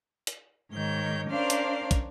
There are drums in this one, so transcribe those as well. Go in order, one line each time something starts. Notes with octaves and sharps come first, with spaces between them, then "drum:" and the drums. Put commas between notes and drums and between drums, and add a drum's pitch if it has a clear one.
drum: hi-hat
G#2 D#3 C#5 G6
C#4 D4 A#4 C5 D5 F5
drum: hi-hat
drum: kick, hi-hat